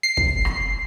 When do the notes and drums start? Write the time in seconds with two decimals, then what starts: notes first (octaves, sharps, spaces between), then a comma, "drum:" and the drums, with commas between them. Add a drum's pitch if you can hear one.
0.03 C7
0.17 drum: kick
0.45 drum: rim click